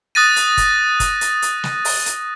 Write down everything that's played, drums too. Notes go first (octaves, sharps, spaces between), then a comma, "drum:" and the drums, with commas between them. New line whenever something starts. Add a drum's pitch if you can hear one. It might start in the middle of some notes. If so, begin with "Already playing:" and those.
D#6 F#6 A6 A#6 D#7
drum: hi-hat
drum: kick, hi-hat
drum: kick, hi-hat
drum: hi-hat
drum: hi-hat
drum: snare
drum: open hi-hat
drum: hi-hat